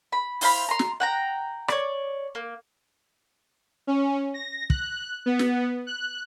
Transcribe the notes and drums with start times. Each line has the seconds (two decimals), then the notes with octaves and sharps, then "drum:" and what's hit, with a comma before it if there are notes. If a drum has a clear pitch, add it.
0.12 B5
0.41 E4 C5 F5 B5, drum: open hi-hat
0.69 A#5 C6
0.79 drum: snare
1.00 F#5 G5 A#5
1.68 C#5 D5, drum: rim click
2.35 A#3
3.87 C#4
4.34 A#6
4.70 F#6, drum: kick
5.26 B3
5.39 drum: snare
5.87 F#6